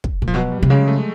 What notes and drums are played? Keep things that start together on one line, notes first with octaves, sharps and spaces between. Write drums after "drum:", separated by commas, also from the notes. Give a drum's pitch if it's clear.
drum: kick
A#2
F3
B2 F#3
G3
C3
C#3 G#3
A3